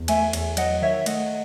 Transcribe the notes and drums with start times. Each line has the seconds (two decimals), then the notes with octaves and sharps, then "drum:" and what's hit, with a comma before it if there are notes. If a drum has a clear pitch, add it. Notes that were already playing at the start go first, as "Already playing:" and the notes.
Already playing: E2
0.08 A3 E5 G#5, drum: cymbal
0.33 E2, drum: cymbal
0.57 F#3 D#5 F#5, drum: cymbal
0.82 D#3 C#5 E5
0.94 E5
1.06 A3 D#5 F#5, drum: cymbal